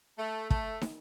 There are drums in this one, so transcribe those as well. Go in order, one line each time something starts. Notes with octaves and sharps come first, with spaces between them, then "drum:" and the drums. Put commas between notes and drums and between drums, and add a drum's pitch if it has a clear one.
A3
A3, drum: kick
drum: snare